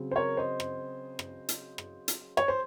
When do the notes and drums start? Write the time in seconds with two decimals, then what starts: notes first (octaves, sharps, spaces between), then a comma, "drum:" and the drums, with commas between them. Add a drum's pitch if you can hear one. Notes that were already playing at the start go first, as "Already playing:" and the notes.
Already playing: C#3 F#3 C4
0.11 C5
0.15 A#4 C#5
0.37 C5 D#5
0.60 drum: rim click
1.19 drum: rim click
1.49 drum: hi-hat
1.78 drum: rim click
2.08 drum: hi-hat
2.37 C#5, drum: rim click
2.48 C5